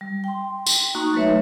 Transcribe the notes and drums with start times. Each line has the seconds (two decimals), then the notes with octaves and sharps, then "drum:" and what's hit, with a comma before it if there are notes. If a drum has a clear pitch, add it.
0.01 G3
0.24 G5 C6
0.66 drum: tambourine
0.95 A#3 D#4 F#4 A#5 C#6 D#6
1.14 F#3 A3 D#4 B4 C#5 E5